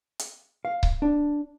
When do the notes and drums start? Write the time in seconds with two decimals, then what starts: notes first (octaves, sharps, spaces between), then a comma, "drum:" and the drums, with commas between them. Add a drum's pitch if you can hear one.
0.19 drum: hi-hat
0.65 F5
0.83 drum: kick C#1
1.02 D4